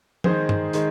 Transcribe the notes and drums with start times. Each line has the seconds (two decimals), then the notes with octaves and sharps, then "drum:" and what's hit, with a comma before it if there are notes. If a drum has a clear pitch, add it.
0.24 D#3 G#3 D#4 G#4 C5, drum: tom
0.49 drum: tom
0.73 D#3 G#3, drum: hi-hat